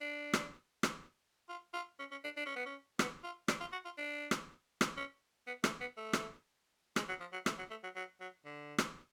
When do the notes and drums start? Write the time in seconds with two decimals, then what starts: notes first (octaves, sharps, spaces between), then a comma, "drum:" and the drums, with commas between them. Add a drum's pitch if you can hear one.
0.01 D4
0.33 drum: rim click
0.83 drum: rim click
1.49 F4
1.74 F4
1.99 C#4
2.11 C#4
2.24 D4
2.37 D4
2.46 C#4
2.56 B3
2.66 C#4
2.99 B3, drum: rim click
3.24 F4
3.48 D4, drum: rim click
3.60 F4
3.73 F#4
3.85 F4
3.98 D4
4.31 drum: rim click
4.81 drum: rim click
4.97 C#4
5.47 B3
5.64 A3, drum: rim click
5.80 B3
5.97 A3
6.13 drum: rim click
6.96 G#3, drum: rim click
7.09 F#3
7.20 F3
7.33 F#3
7.46 A3, drum: rim click
7.58 F#3
7.70 A3
7.83 F#3
7.96 F#3
8.21 F#3
8.45 D3
8.78 drum: rim click